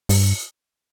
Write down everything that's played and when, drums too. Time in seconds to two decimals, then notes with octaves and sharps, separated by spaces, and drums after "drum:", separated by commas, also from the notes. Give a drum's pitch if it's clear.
0.09 G2, drum: open hi-hat